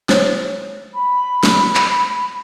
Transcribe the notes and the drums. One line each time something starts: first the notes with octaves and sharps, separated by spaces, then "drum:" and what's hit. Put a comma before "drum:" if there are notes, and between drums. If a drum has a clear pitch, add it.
C5 C#5, drum: snare
B5
drum: snare
drum: clap